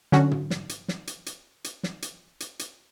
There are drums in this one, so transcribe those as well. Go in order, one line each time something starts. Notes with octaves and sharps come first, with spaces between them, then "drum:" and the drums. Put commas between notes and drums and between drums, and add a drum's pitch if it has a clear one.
D3 F#3 C#4 F#4, drum: snare
drum: tom
drum: snare
drum: hi-hat
drum: snare
drum: hi-hat
drum: hi-hat
drum: hi-hat
drum: snare
drum: hi-hat
drum: hi-hat
drum: hi-hat